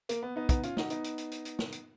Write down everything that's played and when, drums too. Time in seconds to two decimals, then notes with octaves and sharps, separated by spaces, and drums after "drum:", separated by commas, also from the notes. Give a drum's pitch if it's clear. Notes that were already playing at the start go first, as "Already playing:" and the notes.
0.09 A#3, drum: hi-hat
0.23 B3
0.36 B3 D#4
0.49 B3 D#4, drum: kick, hi-hat
0.63 C#4 F4, drum: hi-hat
0.77 D#4 F#4, drum: snare
0.90 B3 D#4, drum: hi-hat
1.04 drum: hi-hat
1.18 drum: hi-hat
1.31 drum: hi-hat
1.45 drum: hi-hat
1.59 drum: snare
1.72 drum: hi-hat